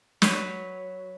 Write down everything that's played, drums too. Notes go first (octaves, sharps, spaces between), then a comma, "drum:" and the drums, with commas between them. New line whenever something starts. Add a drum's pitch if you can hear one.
F#3 B4 C#5, drum: snare